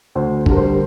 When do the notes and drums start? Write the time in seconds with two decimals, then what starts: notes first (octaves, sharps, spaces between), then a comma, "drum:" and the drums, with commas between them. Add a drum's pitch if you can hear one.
0.15 D2 C5
0.46 D3 G3 A#4, drum: kick
0.56 C5